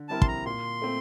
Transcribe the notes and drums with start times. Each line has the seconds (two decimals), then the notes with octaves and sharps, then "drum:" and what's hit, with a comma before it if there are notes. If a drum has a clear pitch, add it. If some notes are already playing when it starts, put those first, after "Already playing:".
Already playing: D3
0.09 G3 C4 E4 A#4 A5
0.22 C6, drum: kick
0.28 A#5
0.46 A#2 C6
0.82 A3 C4